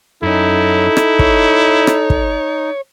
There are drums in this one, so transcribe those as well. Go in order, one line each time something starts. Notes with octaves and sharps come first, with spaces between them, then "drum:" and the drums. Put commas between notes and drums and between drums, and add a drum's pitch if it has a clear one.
F#2 C#4 D#4 E4 A4
drum: rim click
C#5, drum: kick
drum: rim click
drum: kick